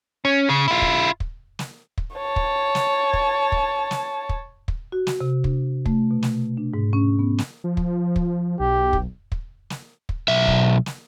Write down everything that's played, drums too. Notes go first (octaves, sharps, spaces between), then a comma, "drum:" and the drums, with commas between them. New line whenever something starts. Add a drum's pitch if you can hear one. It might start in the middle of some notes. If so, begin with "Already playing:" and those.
C#4
C#3
E4 F4
drum: kick
drum: kick
drum: snare
drum: kick
C#5 A5
drum: kick
drum: snare
drum: kick
drum: kick
drum: snare
drum: kick
drum: kick
F#4
drum: snare
C3
D4, drum: kick
A3, drum: kick
B2
drum: snare
D4
G#2
C#4
B3
drum: snare
F3
drum: kick
drum: kick
B1 G4
drum: kick
drum: kick
drum: snare
drum: kick
B1 E5
drum: kick
drum: snare